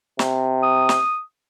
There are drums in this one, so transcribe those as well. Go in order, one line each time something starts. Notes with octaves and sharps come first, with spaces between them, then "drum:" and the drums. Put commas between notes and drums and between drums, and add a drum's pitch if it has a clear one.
C3, drum: snare
D#6
drum: snare